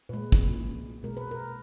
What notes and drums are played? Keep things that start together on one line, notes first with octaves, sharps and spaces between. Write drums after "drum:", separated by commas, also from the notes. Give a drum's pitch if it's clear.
A#2 G#3 B4
drum: kick
B2 G#3 A#4
B4
A#4